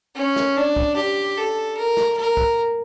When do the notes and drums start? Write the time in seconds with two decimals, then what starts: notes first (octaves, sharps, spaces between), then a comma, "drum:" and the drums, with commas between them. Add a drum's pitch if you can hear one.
0.16 C#4
0.36 drum: snare
0.57 D4
0.76 drum: kick
0.96 G4
1.37 A4
1.77 A#4
1.97 drum: snare
2.18 A#4
2.37 drum: kick